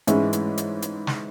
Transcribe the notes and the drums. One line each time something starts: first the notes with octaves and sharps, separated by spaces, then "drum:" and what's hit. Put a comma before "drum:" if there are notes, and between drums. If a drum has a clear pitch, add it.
G#2 E3 G#3 C#4 E4, drum: hi-hat
drum: hi-hat
drum: hi-hat
drum: hi-hat
drum: snare